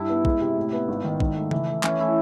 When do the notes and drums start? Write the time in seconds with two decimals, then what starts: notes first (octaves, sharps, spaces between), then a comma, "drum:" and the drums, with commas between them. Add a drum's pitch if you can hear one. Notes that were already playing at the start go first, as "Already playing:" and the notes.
Already playing: G2 E4
0.09 B3
0.25 G#3, drum: kick A#1
0.41 C3
0.57 A2
0.73 B3
0.88 G#1
1.05 D#3
1.20 G#1, drum: kick A#1
1.36 A3
1.51 E3, drum: tom C#3
1.68 A3
1.83 E3 C#4, drum: clap
1.99 A3 E4